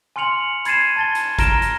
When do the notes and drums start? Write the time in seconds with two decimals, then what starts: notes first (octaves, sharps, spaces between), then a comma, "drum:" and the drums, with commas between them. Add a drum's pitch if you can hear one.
0.16 G#5 C6 F6 C#7 F7 F#7
0.65 B5 G#6 A6 C7 D#7 E7, drum: hi-hat
0.96 A5 A6 G7
1.15 drum: hi-hat
1.39 A#5 F6 A#6 D7 E7 G7, drum: kick G#1, hi-hat
1.62 drum: hi-hat